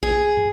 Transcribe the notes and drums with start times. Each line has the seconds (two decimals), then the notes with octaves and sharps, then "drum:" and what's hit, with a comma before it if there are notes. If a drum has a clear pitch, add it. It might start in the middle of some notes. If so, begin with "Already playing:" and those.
0.03 G#4, drum: kick
0.37 drum: tom